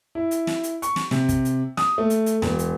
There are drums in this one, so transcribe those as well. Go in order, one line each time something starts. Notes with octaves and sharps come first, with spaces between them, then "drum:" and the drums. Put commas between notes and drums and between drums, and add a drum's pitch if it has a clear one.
E4
drum: hi-hat
drum: snare
drum: hi-hat
C#6, drum: hi-hat
drum: snare
C3, drum: snare
drum: kick, hi-hat
drum: hi-hat
D#6, drum: snare
A3
drum: hi-hat
drum: hi-hat
E1, drum: snare
drum: hi-hat